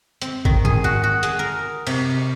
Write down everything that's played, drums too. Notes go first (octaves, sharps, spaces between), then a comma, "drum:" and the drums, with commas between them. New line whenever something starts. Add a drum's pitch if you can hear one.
C4, drum: hi-hat
D#3, drum: kick G#1
G#4, drum: tom G#2
F#4
F#4
G#4, drum: hi-hat
A#4
C3, drum: cymbal